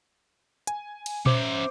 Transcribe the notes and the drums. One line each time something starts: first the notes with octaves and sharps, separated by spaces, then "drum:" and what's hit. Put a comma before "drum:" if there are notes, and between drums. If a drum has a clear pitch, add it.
G#5, drum: hi-hat
drum: cymbal
C#4 C5 E5 D6, drum: tom A#2